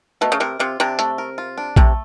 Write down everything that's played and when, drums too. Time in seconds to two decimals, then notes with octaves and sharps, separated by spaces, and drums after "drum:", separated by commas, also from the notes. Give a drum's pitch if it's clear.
0.21 B2 A3
0.32 C#3
0.40 C3 A#4
0.59 C3 F4
0.80 C3 D4
0.99 A3, drum: hi-hat
1.18 A#4
1.38 F4
1.58 D4
1.76 C3 A3, drum: kick A#1